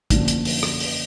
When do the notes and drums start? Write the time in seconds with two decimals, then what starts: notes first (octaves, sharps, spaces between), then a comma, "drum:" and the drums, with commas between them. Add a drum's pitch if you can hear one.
0.10 F#2 D3 F3 A#3 D4, drum: kick, hi-hat
0.28 drum: hi-hat
0.45 drum: open hi-hat
0.63 drum: rim click
0.80 drum: open hi-hat